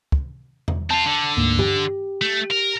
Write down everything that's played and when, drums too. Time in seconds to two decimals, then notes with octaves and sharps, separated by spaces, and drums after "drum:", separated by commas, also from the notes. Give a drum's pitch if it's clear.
0.12 drum: kick
0.68 drum: tom E2
0.91 C4 F4 A5
1.07 D3
1.37 D2 G#2 A#3
1.59 G4, drum: tom G2
2.22 A3
2.51 A#4